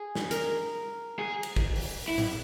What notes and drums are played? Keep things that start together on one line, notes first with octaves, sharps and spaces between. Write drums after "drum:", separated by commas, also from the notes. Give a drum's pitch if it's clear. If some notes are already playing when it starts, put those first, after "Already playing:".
Already playing: G#4
drum: snare
A#4, drum: hi-hat
G#4
drum: cymbal
drum: kick
drum: open hi-hat
drum: open hi-hat
E4
drum: tom A2